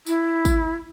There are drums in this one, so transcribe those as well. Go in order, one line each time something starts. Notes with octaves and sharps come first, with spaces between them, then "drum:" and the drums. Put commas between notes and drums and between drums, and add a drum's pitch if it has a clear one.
E4, drum: tambourine
drum: kick, tambourine